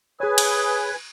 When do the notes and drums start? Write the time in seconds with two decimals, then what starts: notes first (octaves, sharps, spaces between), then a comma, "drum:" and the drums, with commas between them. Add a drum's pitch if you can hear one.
0.20 G#4 B4 C#5 G#5 D#6
0.38 drum: cymbal